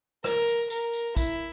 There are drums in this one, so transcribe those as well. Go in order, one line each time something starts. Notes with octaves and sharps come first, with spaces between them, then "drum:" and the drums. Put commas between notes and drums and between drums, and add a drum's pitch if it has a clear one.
A#4, drum: rim click
drum: tambourine
A#4, drum: tambourine
drum: tambourine
E4, drum: kick, tambourine